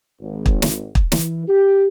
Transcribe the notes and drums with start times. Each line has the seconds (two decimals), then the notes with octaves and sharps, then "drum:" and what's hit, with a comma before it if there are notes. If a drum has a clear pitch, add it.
0.20 G#1
0.46 drum: kick
0.62 drum: snare
0.95 drum: kick
1.12 E3, drum: snare
1.48 G4